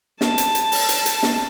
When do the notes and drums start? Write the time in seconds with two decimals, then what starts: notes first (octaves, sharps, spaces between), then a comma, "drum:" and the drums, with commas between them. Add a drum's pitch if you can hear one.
0.21 A5, drum: snare
0.38 drum: hi-hat
0.55 drum: hi-hat
0.72 drum: open hi-hat
0.89 drum: hi-hat
1.06 drum: hi-hat
1.23 drum: snare